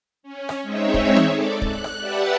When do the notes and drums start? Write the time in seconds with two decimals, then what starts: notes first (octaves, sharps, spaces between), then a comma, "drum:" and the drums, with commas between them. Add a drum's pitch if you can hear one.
0.23 C#4
0.49 drum: rim click
0.63 G#3 C4 D#4 C#5 E5
0.94 drum: kick
1.16 drum: tom
1.32 A4 D5 D6
1.62 F#6, drum: kick
1.84 drum: rim click
2.00 G4 B4 D5 E5 F#5 A5